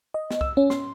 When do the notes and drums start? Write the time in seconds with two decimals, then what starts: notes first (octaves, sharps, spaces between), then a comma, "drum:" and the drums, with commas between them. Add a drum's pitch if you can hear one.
0.14 D#5
0.31 drum: snare
0.41 E6, drum: kick C2
0.57 C#4
0.70 C6, drum: snare